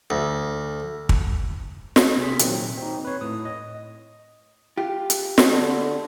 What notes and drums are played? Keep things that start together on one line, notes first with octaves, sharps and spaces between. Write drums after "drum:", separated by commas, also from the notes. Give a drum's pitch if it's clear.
D2
drum: kick
drum: snare
C3 G#4 C6 B6
A#2 D#3 F#3 C4, drum: hi-hat
C4 D#4
B4 C#5
A2 D#6
D#5
F4 G4
drum: hi-hat
drum: snare
D3